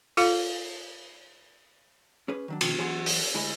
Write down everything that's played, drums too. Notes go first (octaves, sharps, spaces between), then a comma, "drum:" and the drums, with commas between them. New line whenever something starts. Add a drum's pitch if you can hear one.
F4 A4 F5, drum: open hi-hat
C#4 G#4 B4
D#3 F#3 D4
B2 D#3 F3, drum: cymbal
E3 F#3 G#4 C5 F#5 C6
drum: open hi-hat
D2 G#3 E4 G#4 D#5 B5